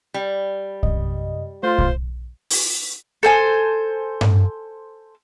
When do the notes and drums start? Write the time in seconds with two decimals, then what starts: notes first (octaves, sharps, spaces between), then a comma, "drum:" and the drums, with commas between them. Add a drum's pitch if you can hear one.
0.14 G3
0.83 F#2 C3 D#5, drum: kick
1.63 A3 F4 C5
1.78 drum: kick
2.50 drum: open hi-hat
3.23 A4 C5 G#5
4.21 drum: tom G2